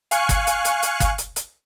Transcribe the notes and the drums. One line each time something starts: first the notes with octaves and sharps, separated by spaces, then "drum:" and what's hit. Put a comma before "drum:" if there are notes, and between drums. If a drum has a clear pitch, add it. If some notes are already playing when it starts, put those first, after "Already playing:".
F5 G#5 C#6 F#6 C#7, drum: hi-hat
drum: kick G1, hi-hat
drum: hi-hat
drum: hi-hat
drum: hi-hat
drum: kick G1, hi-hat
drum: hi-hat
drum: hi-hat